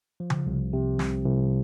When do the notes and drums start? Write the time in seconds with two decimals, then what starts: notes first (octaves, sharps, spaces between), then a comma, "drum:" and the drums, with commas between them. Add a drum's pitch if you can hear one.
0.20 F3
0.30 drum: tom C#3
0.46 C2
0.73 C3
0.99 C2, drum: snare
1.25 C2